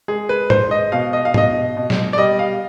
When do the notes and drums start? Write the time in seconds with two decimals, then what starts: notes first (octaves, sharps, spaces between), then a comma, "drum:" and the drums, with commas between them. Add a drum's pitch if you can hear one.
0.08 G#3 G#4
0.29 B4
0.50 G#3 C5, drum: tom G#2
0.71 D#5
0.92 B2 F5
1.13 D#5
1.25 F5
1.34 B2 D#5, drum: tom G#2
1.77 B2
1.90 drum: snare
2.13 D5
2.18 G3 D#5
2.39 F5